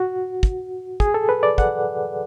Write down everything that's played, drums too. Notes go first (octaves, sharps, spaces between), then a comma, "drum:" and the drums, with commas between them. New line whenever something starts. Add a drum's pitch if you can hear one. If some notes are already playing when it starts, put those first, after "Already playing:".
Already playing: F#4
drum: kick
G#4, drum: kick
A4
B4
D5
F#5, drum: kick